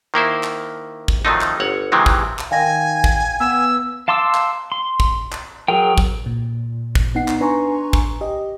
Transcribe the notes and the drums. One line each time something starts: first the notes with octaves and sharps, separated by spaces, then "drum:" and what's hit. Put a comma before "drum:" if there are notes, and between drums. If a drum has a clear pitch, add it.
D#3 A#3 E4 C5
drum: clap
drum: kick
D#3 F3 F#3 A3 C4 D#4
drum: clap
G1 C#5 F#5
C3 D#3 E3 F#3 G#3 C4
drum: kick
drum: clap
D#3 F5 G5 G#5 A#6
drum: kick
B3 E6
F5 A5 C6 D6 E6
drum: clap
C6
drum: kick
drum: clap
F#3 G#4 A#4 G5
drum: kick
A#2
drum: kick
B3 D#4 F#5 C7
drum: clap
D4 B4 G#5 A#5 C6 C#6
drum: kick
G4 D#5